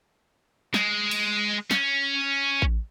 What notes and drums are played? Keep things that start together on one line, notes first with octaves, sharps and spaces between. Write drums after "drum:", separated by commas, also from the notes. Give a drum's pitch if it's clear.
G#3, drum: snare
drum: cymbal
C#4, drum: snare
drum: kick A1